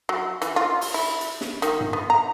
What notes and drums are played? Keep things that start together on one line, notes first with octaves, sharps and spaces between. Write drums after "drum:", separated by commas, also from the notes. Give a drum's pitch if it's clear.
F#3
E3, drum: hi-hat
F4
drum: open hi-hat
E4
drum: hi-hat
drum: snare
D#3, drum: hi-hat
drum: tom G2
B3
A#5